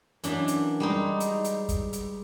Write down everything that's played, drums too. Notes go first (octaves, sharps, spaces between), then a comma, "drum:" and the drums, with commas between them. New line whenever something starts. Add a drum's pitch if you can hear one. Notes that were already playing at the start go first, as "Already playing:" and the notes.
F#2 E3 D4, drum: hi-hat
drum: hi-hat
G3 G#3 D#4
drum: hi-hat
drum: hi-hat
drum: kick, hi-hat
drum: hi-hat